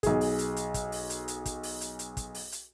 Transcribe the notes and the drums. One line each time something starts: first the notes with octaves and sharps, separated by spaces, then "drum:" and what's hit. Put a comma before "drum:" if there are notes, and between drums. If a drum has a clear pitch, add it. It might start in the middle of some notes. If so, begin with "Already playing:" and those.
B1 G#4, drum: kick, hi-hat
drum: open hi-hat
drum: hi-hat
drum: hi-hat
drum: kick, hi-hat
drum: open hi-hat
drum: hi-hat
drum: hi-hat
drum: kick, hi-hat
drum: open hi-hat
drum: hi-hat
drum: hi-hat
drum: kick, hi-hat
drum: open hi-hat
drum: hi-hat